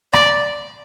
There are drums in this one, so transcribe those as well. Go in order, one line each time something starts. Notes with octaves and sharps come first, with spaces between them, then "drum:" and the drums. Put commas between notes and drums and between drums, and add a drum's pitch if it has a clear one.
D5, drum: rim click